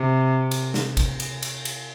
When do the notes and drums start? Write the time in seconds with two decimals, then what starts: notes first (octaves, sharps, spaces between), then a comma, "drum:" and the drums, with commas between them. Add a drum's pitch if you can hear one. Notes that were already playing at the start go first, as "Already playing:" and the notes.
Already playing: C3
0.51 drum: cymbal
0.74 drum: snare
0.97 drum: kick, cymbal
1.20 drum: cymbal
1.43 drum: cymbal
1.65 drum: cymbal